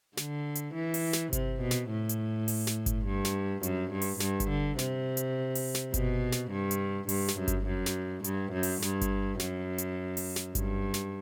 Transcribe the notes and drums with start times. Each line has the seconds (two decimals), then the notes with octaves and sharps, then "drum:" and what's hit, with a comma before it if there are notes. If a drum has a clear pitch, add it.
0.17 D3, drum: snare
0.55 drum: hi-hat
0.75 E3
0.94 drum: open hi-hat
1.13 drum: snare
1.33 C3, drum: kick G1, hi-hat
1.61 B2
1.71 drum: snare
1.90 A2
2.09 drum: hi-hat
2.48 drum: open hi-hat
2.67 drum: snare
2.86 drum: kick G1, hi-hat
3.06 G2
3.25 drum: snare
3.63 F#2, drum: hi-hat
3.92 G2
4.02 drum: open hi-hat
4.20 G2, drum: snare
4.40 drum: kick G1, hi-hat
4.50 D3
4.79 C3, drum: snare
5.17 drum: hi-hat
5.55 drum: open hi-hat
5.75 drum: snare
5.94 B2, drum: kick G1, hi-hat
6.32 drum: snare
6.51 G2
6.71 drum: hi-hat
7.09 G2, drum: open hi-hat
7.28 drum: snare
7.38 F#2
7.48 drum: kick G1, hi-hat
7.67 F#2
7.86 drum: snare
8.24 G2, drum: hi-hat
8.53 F#2
8.63 drum: open hi-hat
8.82 G2, drum: snare
9.01 drum: kick G1, hi-hat
9.40 F#2, drum: snare
9.78 drum: hi-hat
10.17 drum: open hi-hat
10.36 drum: snare
10.55 G2, drum: kick G1, hi-hat
10.94 drum: snare